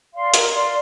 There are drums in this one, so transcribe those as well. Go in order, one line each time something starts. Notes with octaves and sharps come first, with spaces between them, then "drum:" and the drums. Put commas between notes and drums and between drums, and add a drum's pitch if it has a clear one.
D5 F5 C6
A#4, drum: hi-hat
D5 F5 C6